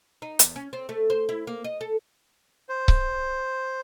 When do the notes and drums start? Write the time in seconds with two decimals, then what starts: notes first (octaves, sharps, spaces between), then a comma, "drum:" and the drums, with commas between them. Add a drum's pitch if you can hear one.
0.22 D#4
0.39 E2, drum: hi-hat
0.56 C#4
0.73 C4
0.89 A3
1.10 C5
1.29 E4
1.47 A#3
1.64 D#5
1.81 A4
2.69 C5
2.88 drum: kick C#1